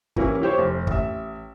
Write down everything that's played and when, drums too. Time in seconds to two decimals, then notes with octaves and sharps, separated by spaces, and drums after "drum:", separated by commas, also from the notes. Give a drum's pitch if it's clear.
0.16 E3 F#3 A#3 C#4 E4 G4, drum: kick
0.42 E4 G4 C5 C#5
0.58 F1
0.87 A1 E5, drum: kick